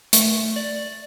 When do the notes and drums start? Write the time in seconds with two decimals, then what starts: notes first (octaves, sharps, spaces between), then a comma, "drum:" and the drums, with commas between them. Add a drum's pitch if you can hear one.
0.13 A3, drum: hi-hat
0.56 D5